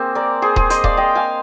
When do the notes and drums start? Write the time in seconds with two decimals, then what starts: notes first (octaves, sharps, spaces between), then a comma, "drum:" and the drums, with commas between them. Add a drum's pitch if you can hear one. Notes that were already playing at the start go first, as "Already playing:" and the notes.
Already playing: A#3 C4 G#4 C5
0.15 A#4 D5
0.42 G#4 C5
0.56 G#4 C5, drum: kick D#1
0.70 C5 D#5, drum: hi-hat
0.84 D5 F5, drum: kick D#1
0.97 D#5 G5
1.15 F5 G#5